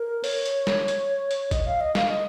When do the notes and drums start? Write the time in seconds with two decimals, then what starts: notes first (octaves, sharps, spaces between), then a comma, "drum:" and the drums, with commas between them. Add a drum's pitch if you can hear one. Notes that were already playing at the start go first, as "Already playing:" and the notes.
Already playing: A#4
0.24 C#5, drum: open hi-hat
0.46 drum: hi-hat
0.67 drum: snare
0.88 drum: hi-hat
1.31 drum: hi-hat
1.51 D#5, drum: kick, hi-hat
1.67 F5
1.81 D#5
1.95 F5, drum: snare
2.09 D#5